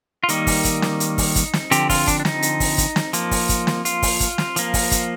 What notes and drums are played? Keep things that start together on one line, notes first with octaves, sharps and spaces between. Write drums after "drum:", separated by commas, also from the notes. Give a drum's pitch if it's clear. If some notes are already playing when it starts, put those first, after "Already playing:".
F4
D#3 G3 A#3 D#4, drum: hi-hat
drum: kick, open hi-hat
drum: kick, hi-hat
drum: snare
drum: hi-hat
drum: kick, open hi-hat
drum: kick, hi-hat
drum: snare
D3 F3 C4 G4, drum: hi-hat
F4, drum: kick, open hi-hat
D4, drum: kick, hi-hat
D4
D#4, drum: snare
drum: hi-hat
drum: kick, open hi-hat
drum: kick, hi-hat
drum: snare
F3 A#3, drum: hi-hat
drum: kick, open hi-hat
drum: kick, hi-hat
drum: snare
F4, drum: hi-hat
drum: kick, open hi-hat
drum: kick, hi-hat
drum: snare
F3 A#3, drum: hi-hat
drum: kick, open hi-hat
drum: kick, hi-hat